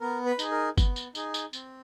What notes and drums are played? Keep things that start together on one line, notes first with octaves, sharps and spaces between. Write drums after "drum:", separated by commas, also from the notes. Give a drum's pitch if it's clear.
B3 A#4
B4
D#4 G#4, drum: tambourine
A#4
B3, drum: kick G1, tambourine
drum: tambourine
D#4 G#4, drum: tambourine
drum: tambourine
C4, drum: tambourine